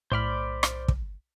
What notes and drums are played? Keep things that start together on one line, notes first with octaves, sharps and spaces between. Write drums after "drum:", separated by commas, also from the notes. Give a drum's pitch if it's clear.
B1 A2 C5 D5 B5 F6
drum: rim click
drum: kick